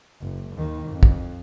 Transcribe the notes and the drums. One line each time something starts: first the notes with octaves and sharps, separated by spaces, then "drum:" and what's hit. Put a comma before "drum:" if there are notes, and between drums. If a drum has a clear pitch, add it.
F#1
D#2 D#3
F2
drum: kick